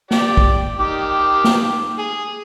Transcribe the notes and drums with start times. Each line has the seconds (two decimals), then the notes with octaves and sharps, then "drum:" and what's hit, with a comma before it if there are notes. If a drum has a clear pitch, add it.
0.11 G4 D5, drum: snare A#3
0.37 drum: kick
0.79 D#3 G4 D6
1.44 drum: snare A#3
1.98 G#4